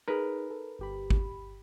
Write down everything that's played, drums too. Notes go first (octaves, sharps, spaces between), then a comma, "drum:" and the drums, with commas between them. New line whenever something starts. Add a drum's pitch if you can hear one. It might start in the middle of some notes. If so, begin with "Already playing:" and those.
D#4 G#4 A#4 B4
A4
G1 G4 B5
drum: kick